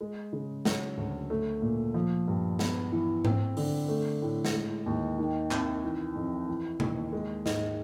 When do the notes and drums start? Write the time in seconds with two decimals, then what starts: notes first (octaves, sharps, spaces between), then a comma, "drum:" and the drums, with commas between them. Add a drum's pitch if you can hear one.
0.01 G#3
0.33 C#3
0.65 F#3, drum: snare
0.97 D2
1.30 A3
1.62 A#2
1.94 F3
2.28 G2
2.59 B3, drum: snare
2.92 E3
3.25 C4, drum: tom G#2
3.57 D3, drum: open hi-hat
3.88 A3
4.22 A2
4.45 drum: snare
4.54 G#3
4.86 D#2
5.18 D#3
5.51 C2, drum: clap
5.84 E3
6.15 F2
6.48 E3
6.80 D#2, drum: tom C3
7.12 G#3
7.46 G#2, drum: snare